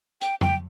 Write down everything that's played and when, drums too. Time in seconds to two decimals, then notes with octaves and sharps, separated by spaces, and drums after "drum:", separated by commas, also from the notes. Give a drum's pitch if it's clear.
0.21 G5, drum: hi-hat
0.41 G5, drum: tom F2